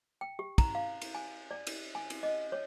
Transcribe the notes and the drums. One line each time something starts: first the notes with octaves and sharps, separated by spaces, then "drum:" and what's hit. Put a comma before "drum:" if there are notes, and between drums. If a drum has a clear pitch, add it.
G5
G4
A#5, drum: kick, cymbal
F5
drum: cymbal
G#5
D5
drum: cymbal
G#5
drum: cymbal
D#5
C#5